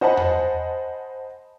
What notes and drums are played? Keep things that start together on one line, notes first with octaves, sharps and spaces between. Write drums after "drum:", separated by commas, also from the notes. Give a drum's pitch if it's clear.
C5 D#5 F#5 G#5 A5 B5
drum: tom E2